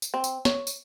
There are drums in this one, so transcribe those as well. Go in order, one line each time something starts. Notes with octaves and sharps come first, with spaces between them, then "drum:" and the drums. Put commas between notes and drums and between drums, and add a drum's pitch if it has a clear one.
drum: tambourine
C4
drum: tambourine
C#5, drum: snare
drum: tambourine